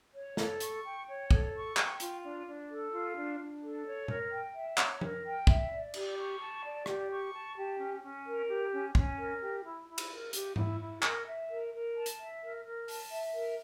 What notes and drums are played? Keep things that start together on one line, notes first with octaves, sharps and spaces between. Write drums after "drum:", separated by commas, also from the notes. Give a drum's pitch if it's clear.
C#5
A4, drum: snare
C#6, drum: hi-hat
G5
C#5
A4, drum: kick
C#6
G5, drum: clap
F4, drum: hi-hat
D4
D4
A4
F4
D4
D4
A4
C#5
A#4, drum: tom A#2
G5
E5
C#5, drum: clap
A#4, drum: tom F3
G5
E5, drum: kick
D5
G4, drum: cymbal
C#6
A5
D5
G4, drum: rim click
C#6
A5
G4
C#4
C#4
A#4
G4
C#4
C#4, drum: kick
A#4
G4
E4
E4
drum: cymbal
A#4
G4, drum: hi-hat
E4, drum: tom G#2
E4
A#4, drum: clap
E5
A#4
A#4
A5
drum: hi-hat
E5
A#4
A#4
A5, drum: open hi-hat
E5
A#4